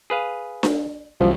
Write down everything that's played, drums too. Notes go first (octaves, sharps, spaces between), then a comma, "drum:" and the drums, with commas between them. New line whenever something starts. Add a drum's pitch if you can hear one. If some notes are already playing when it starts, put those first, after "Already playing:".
G#4 B4 F5
drum: snare D4
C2 F#2 E3 F3 G3